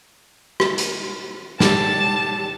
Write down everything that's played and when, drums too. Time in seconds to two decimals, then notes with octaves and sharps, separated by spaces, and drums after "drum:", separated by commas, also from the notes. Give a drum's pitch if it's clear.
0.60 drum: rim click
0.78 drum: hi-hat
1.60 G4 A5, drum: snare